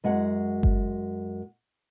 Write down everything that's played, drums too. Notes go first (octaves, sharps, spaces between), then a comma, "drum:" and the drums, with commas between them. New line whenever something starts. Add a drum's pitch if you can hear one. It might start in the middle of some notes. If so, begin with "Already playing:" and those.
F#2 G#3 F#4 F#5
drum: kick G1